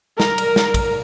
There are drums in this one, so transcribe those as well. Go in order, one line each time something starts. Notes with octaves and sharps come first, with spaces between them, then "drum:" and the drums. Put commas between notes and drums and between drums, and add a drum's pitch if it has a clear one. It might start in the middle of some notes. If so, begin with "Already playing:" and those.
A#4, drum: snare
drum: cymbal
drum: snare
drum: kick, cymbal